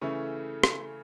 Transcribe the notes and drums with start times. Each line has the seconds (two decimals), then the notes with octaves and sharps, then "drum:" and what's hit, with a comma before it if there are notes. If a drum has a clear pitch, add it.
0.01 C#3 E3 A3 C#4 E4
0.64 drum: rim click